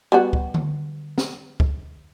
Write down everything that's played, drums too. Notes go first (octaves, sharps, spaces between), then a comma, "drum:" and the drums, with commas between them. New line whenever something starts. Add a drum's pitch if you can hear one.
G3 B3 F#4
drum: kick
drum: tom D3
drum: snare
drum: kick